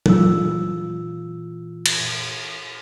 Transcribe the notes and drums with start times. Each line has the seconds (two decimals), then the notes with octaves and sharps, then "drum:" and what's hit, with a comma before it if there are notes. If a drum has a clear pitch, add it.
0.06 A#2 E3 F4 E6, drum: tom F#3
1.86 drum: cymbal